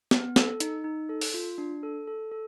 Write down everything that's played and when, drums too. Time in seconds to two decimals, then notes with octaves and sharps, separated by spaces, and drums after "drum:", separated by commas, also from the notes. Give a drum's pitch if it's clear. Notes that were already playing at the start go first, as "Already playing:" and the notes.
0.11 B3, drum: snare
0.36 A4, drum: snare
0.60 D#4, drum: hi-hat
0.84 D#4
1.09 A4
1.21 drum: open hi-hat
1.34 F4
1.58 D4
1.83 A4
2.07 A4
2.32 A4